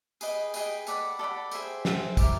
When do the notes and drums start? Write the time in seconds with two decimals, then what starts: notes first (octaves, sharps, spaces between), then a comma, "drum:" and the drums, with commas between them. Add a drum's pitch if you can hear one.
0.21 G#4 B4 D#5 G5, drum: tambourine
0.54 G#4 B4 D#5 G5, drum: tambourine
0.87 A4 D5 F#5 B5, drum: tambourine
1.19 A4 D5 F#5 B5
1.51 G#4 C5 E5 G5, drum: tambourine
1.85 G#4 C5 E5 G5, drum: snare
2.17 E4 G4 A#4 D5, drum: kick, tambourine